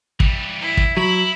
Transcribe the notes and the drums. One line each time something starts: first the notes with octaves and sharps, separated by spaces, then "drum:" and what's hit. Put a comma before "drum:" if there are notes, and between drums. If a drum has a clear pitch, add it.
E3 G3, drum: kick
E4
drum: kick
F#3 E4 B5